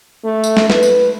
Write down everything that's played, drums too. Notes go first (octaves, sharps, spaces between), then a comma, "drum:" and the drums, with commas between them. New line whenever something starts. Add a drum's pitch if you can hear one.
A3
drum: tambourine
drum: snare
B4, drum: snare
drum: tambourine